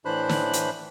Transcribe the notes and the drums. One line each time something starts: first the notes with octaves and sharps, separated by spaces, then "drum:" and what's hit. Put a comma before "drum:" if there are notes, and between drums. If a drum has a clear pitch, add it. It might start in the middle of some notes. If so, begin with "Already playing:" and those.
A2 E3 D4 C5 B5 F#6
drum: snare
drum: hi-hat